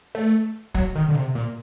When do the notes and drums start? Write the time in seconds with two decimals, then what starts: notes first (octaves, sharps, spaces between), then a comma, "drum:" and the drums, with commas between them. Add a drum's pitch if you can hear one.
0.15 A3
0.74 F#3, drum: kick
0.95 D#3
1.08 D3
1.16 C3
1.35 A#2